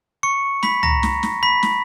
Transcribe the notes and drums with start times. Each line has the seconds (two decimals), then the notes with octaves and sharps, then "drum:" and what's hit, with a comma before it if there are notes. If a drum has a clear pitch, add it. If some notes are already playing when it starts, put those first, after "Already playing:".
0.23 C#6 C#7
0.63 B5 B6, drum: snare
0.83 A#5 A#6, drum: tom C#2
1.03 drum: snare
1.23 drum: snare
1.43 B5 B6
1.63 drum: snare